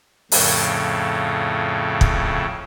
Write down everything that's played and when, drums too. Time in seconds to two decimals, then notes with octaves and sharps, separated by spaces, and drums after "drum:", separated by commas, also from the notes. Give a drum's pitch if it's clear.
0.32 F2 A2 C#3, drum: open hi-hat
2.01 drum: kick